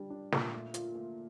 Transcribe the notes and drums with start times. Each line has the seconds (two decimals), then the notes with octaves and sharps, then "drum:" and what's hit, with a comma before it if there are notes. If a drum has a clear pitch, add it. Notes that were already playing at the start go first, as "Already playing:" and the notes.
Already playing: G3 D4
0.10 D4
0.32 A#2, drum: snare
0.54 A3
0.74 F4, drum: hi-hat
0.95 A3